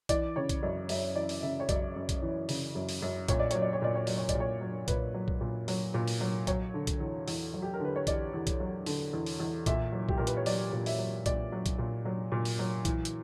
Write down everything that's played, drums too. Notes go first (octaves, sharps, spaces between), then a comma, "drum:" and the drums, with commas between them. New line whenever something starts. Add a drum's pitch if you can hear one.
E3 D5, drum: kick B1, hi-hat
C#3 C#5
drum: kick B1, hi-hat
F#2 D5
F#2 E5, drum: open hi-hat
E3 D5
drum: open hi-hat
C#3 E5
C#5
F#2 D5, drum: kick B1, hi-hat
F#2
drum: kick B1, hi-hat
E3
C#3, drum: open hi-hat
F#2
drum: open hi-hat
F#2
A#2 C#5, drum: kick B1, hi-hat
D5
F#3 C#5, drum: hi-hat
D5
C#5
A#2 D5
C#5
F#3 D5, drum: open hi-hat
C#5
D5, drum: kick B1, hi-hat
A#2
C#5
F#3
A#2 B4, drum: kick B1, hi-hat
F#3
drum: kick B1
A#2
F#3, drum: open hi-hat
A#2
drum: open hi-hat
F#3
F#3 C#5, drum: kick B1, hi-hat
D3
drum: kick B1, hi-hat
E2
E2, drum: open hi-hat
F#3
G4
A#4
D3 B4
C#5
E2 D5, drum: kick B1, hi-hat
E2
drum: kick B1, hi-hat
F#3
D3, drum: open hi-hat
E2
drum: open hi-hat
E2
A#2 E5, drum: kick B1, hi-hat
F#3
G4, drum: kick B1
A#2 A#4
B4, drum: hi-hat
C#5
F#3 D5, drum: open hi-hat
A#2
E5, drum: open hi-hat
F#3
A#2 D5, drum: kick B1, hi-hat
F#3
drum: kick B1, hi-hat
A#2
F#3
A#2
drum: open hi-hat
F#3
E3, drum: kick B1, hi-hat
drum: hi-hat